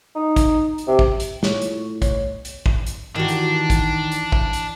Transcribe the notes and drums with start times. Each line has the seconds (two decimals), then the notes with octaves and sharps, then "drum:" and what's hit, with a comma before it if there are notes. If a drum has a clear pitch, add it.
0.16 D#4
0.36 drum: kick, hi-hat
0.78 drum: hi-hat
0.88 C3
0.99 drum: kick
1.20 drum: hi-hat
1.43 A2 F4 C#5 C#6, drum: snare
1.61 drum: hi-hat
2.02 C2 C#5, drum: kick, hi-hat
2.45 drum: hi-hat
2.66 drum: kick
2.87 drum: hi-hat
3.16 D#3 E3 D4 F#4
3.28 drum: hi-hat
3.70 drum: kick, hi-hat
4.12 drum: hi-hat
4.32 drum: kick
4.53 drum: hi-hat